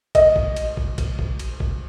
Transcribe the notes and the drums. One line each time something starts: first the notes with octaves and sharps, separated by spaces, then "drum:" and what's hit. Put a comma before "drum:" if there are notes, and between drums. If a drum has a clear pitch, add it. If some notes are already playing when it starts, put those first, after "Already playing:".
D#5, drum: kick, cymbal
drum: kick
drum: cymbal
drum: kick
drum: kick, cymbal
drum: kick
drum: cymbal
drum: kick